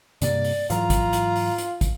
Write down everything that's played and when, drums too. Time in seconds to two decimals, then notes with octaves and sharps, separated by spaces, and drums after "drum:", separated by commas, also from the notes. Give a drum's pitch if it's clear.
0.22 G2 C3 A#3 D5, drum: hi-hat
0.44 drum: open hi-hat
0.70 G#2 E3 F#3 F4 A#5, drum: hi-hat
0.90 drum: kick, hi-hat
1.13 drum: hi-hat
1.36 drum: open hi-hat
1.58 drum: hi-hat
1.81 drum: kick, hi-hat